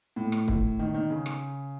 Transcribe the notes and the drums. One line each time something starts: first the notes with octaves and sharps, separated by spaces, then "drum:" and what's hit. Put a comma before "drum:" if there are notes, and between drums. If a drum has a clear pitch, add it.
A2
drum: rim click
drum: kick
D#3
D#3
C#3
drum: rim click